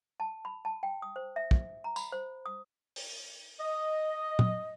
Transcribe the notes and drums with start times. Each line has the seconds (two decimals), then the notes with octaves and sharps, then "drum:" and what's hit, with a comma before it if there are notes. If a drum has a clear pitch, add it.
0.20 A5
0.45 B5
0.65 A5
0.83 G5
1.02 D#6
1.16 C5
1.36 E5
1.51 drum: kick
1.84 A#5
1.96 B5, drum: tambourine
2.12 C5
2.46 D#6
2.96 drum: open hi-hat
3.60 D#5
4.39 drum: tom